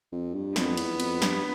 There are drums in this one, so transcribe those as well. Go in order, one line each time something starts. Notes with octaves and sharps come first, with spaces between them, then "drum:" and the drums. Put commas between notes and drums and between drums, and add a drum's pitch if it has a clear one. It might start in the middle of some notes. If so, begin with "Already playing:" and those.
F2
G2
F2 B3, drum: snare
E2, drum: cymbal
F2, drum: cymbal
G2, drum: snare